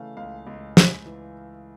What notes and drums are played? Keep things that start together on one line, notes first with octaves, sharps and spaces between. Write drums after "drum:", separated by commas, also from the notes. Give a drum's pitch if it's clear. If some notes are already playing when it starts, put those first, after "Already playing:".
Already playing: C#3 E3 A3 F5
C#2 F5
C#2
C#2, drum: snare
E3